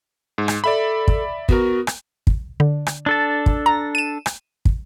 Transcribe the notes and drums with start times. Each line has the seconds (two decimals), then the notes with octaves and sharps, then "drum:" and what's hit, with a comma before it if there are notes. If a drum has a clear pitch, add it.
0.38 G#2
0.48 drum: rim click
0.64 A4 D5 E5 B5
1.08 drum: kick
1.49 B3 F#4 A#4, drum: kick
1.87 drum: rim click
2.27 drum: kick
2.60 D3
2.87 drum: rim click
3.06 D4 A4 A5
3.46 drum: kick
3.66 A#5
3.95 D#7 E7
4.26 drum: rim click
4.65 drum: kick